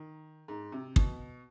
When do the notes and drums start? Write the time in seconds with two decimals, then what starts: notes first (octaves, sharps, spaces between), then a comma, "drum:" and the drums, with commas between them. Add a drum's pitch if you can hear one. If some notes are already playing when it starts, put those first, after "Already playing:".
Already playing: D#3
0.48 G#2
0.72 C3
0.96 B2, drum: kick